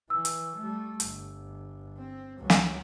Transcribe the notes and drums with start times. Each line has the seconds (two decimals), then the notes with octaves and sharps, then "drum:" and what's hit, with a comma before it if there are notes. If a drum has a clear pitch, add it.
0.10 E3 E6
0.25 drum: hi-hat
0.57 G3 A3
1.00 G1, drum: hi-hat
1.98 C4
2.39 C#2 F#3
2.50 drum: snare